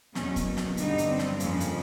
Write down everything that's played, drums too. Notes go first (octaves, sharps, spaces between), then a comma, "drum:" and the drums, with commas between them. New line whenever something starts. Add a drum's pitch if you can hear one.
E2 B2 F#3 C#4, drum: snare
drum: kick, hi-hat
A#3
drum: snare
G2 D3 G3 D#4, drum: hi-hat
drum: hi-hat
C4
drum: snare
F2 C#3 F3 A#3, drum: hi-hat
drum: hi-hat